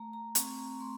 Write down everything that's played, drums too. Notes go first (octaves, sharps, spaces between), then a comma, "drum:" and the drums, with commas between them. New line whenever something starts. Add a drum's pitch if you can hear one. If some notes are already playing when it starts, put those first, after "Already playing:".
Already playing: A3 A#5
A#5
C4 C#6, drum: hi-hat
A#5
A3 C6